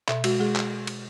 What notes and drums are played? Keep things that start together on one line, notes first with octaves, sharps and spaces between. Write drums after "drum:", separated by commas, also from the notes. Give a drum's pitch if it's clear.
B2 E5, drum: clap
G#3 F#4, drum: cymbal
G#3 G#4
drum: clap
drum: cymbal